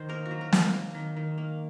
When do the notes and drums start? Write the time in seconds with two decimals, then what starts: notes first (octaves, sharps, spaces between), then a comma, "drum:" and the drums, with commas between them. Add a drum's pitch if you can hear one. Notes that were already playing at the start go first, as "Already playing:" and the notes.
Already playing: D#3 C5
0.09 A#3 A#4
0.26 F#4
0.31 F#3
0.41 A#4
0.53 A#3, drum: snare
0.74 A#3
0.95 D#3
1.17 D#3
1.38 A#3